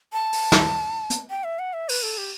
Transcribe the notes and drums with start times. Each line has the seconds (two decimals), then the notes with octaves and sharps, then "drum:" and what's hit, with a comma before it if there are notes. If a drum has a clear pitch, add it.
0.13 A5
0.33 drum: open hi-hat
0.52 drum: snare
1.10 drum: hi-hat
1.30 G5
1.44 E5
1.59 F#5
1.73 E5
1.89 B4, drum: open hi-hat
2.03 A4
2.18 G4